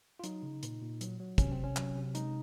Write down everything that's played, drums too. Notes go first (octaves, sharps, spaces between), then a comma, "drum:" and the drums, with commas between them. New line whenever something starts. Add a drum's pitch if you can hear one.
F4
F#3 D#4, drum: hi-hat
C#3
A#2, drum: hi-hat
A#2
F#3, drum: hi-hat
F#3
C3 C#4, drum: kick, hi-hat
C4
C3
C#4
F#3, drum: clap
C3
G#3 D#4, drum: hi-hat